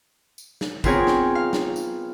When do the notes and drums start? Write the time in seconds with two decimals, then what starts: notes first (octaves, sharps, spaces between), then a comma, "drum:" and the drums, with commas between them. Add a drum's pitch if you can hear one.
0.38 drum: tambourine
0.61 drum: snare
0.84 B3 C4 F4 G#4 A#4 C#5, drum: kick, tambourine
1.07 drum: snare
1.35 F5
1.53 drum: snare
1.76 drum: tambourine